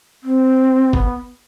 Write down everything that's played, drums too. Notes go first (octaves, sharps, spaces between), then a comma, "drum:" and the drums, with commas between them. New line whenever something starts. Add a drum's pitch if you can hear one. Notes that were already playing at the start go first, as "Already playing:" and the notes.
C4
B3, drum: kick G#1